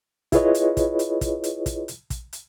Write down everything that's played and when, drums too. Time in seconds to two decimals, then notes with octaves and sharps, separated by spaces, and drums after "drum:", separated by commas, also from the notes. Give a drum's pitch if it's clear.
0.32 E4 F4 G#4 B4 C#5 D#5, drum: kick, hi-hat
0.54 drum: hi-hat
0.77 drum: kick, hi-hat
0.99 drum: hi-hat
1.21 drum: kick, hi-hat
1.44 drum: hi-hat
1.66 drum: kick, hi-hat
1.88 drum: hi-hat
2.10 drum: kick, hi-hat
2.33 drum: hi-hat